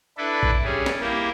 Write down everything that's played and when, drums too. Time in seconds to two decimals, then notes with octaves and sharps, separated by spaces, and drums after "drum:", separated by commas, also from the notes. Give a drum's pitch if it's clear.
0.18 D4 E4 A4 B4
0.43 drum: kick A1
0.65 G3 C#4 G#4
0.86 drum: snare
1.01 A#3 E4 G4